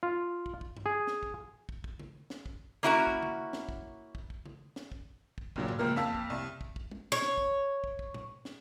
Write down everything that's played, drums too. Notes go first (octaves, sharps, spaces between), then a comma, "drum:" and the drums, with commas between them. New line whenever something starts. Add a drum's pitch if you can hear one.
F4
drum: kick
drum: kick
drum: tom G2
G#4
drum: snare
drum: kick
drum: kick
drum: kick
drum: tom C#3
drum: snare
drum: kick
A#3 C#4 E4 F#4 F#5 A#5
drum: kick
drum: tom C#3
drum: snare
drum: kick
drum: kick
drum: kick
drum: tom C#3
drum: snare
drum: kick
drum: kick
F#1 A#2 F#3, drum: kick
drum: tom G2
F#1 C#2 F3 A#3 A#4 F6
F2 A#3 F5 A5 E6 B6, drum: snare
drum: kick
C2
drum: kick
drum: kick
drum: tom
C#5
drum: snare
drum: kick
drum: kick
drum: kick
drum: tom A2
drum: snare